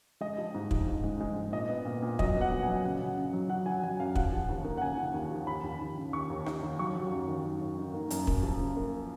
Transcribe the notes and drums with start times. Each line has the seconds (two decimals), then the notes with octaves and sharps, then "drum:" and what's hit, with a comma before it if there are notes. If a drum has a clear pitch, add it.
0.21 G#3 D#5
0.38 F3
0.55 G#2
0.71 F3, drum: kick
0.88 G#2
1.04 G#3
1.20 G#3
1.36 G#2
1.52 A#2 D#5
1.69 B3
1.85 A#2
2.02 A#2
2.19 F#3 D#5, drum: kick
2.36 B3
2.41 F#5
2.51 A#2
2.62 G#5
2.68 F#3
2.84 C#3 F#5
3.01 C#3
3.17 C#3
3.33 F#3
3.49 F#3 F#5
3.66 F#3 G#5
3.83 F#3 G#5
3.99 F#2 F5
4.16 F3 F#5, drum: kick
4.33 F3
4.49 D#2
4.65 A#3
4.77 F#5
4.82 C#3 G#5
4.98 C#3
5.14 D#2
5.31 F3
5.47 D#2 B5
5.63 D#2
5.81 D#2
5.97 C#3
6.13 D#2 C#6
6.30 D#2
6.46 D#2, drum: rim click
6.63 D#2
6.79 F#3 C#6
6.95 F#3
7.12 F#2
7.28 D#3
7.44 F#2
7.61 F#2
7.78 D#3
7.94 A#3
8.10 F#2, drum: hi-hat
8.27 A#3, drum: kick
8.43 F3
8.60 C#3
8.77 A#3